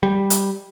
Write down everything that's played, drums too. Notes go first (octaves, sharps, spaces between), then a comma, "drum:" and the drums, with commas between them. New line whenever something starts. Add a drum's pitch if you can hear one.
G3
drum: hi-hat